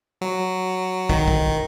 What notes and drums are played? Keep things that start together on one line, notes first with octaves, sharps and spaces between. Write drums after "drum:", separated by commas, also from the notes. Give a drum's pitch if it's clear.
F#3
D#3, drum: kick
drum: kick